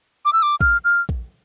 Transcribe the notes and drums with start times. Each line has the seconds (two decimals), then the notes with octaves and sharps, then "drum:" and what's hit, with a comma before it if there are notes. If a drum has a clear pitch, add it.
0.25 D6
0.33 E6
0.43 D6
0.61 F6, drum: kick A#1
0.84 F6
1.09 drum: kick A#1